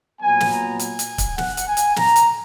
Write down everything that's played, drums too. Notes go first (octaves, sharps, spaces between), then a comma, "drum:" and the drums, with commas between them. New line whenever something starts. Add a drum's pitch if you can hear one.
A#2 F#3 B3 G#5
drum: snare
A#5
G#5, drum: hi-hat
drum: hi-hat
drum: kick C#1, hi-hat
F#5, drum: snare
drum: hi-hat
G#5
drum: hi-hat
A#5, drum: snare
drum: hi-hat